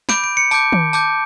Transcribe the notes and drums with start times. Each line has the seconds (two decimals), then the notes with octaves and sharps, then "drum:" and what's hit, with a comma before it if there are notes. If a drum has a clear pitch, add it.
0.09 B5 D6 G6 D7, drum: snare
0.24 D7
0.37 C#7
0.51 A5 D6 G6 D7, drum: tambourine
0.72 drum: tom D#3
0.93 A5 D6 G6, drum: tambourine